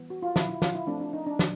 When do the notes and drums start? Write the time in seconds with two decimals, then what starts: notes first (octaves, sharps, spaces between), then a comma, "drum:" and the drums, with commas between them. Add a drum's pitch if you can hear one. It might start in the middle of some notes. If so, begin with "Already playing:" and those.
Already playing: E3 G3 B3
0.10 F#4
0.22 F4
0.36 E4, drum: snare
0.49 E4
0.62 F4, drum: snare
0.75 E4
0.87 F3 A3 C4 D4
1.00 D4
1.13 D#4
1.26 D4
1.39 drum: snare